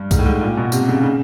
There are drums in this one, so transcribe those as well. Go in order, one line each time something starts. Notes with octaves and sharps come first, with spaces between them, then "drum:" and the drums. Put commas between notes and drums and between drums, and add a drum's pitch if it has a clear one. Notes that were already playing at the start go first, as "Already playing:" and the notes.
Already playing: G2
G#2, drum: kick B1, tambourine
A2
G#2
A#2
B2
C3, drum: tambourine
C#3
C#3